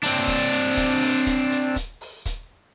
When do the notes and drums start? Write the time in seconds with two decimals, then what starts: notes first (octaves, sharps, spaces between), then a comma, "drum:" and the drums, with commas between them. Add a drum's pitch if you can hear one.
0.03 C4 D4, drum: open hi-hat
0.28 drum: kick, hi-hat
0.52 drum: hi-hat
0.77 drum: kick, hi-hat
1.02 drum: open hi-hat
1.27 drum: kick, hi-hat
1.51 drum: hi-hat
1.76 drum: kick, hi-hat
2.01 drum: open hi-hat
2.26 drum: kick, hi-hat